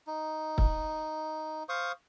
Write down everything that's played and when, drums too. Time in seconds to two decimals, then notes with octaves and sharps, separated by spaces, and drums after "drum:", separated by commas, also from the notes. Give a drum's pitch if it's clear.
0.07 D#4
0.58 drum: kick
1.69 C5 F5 C#6 D#6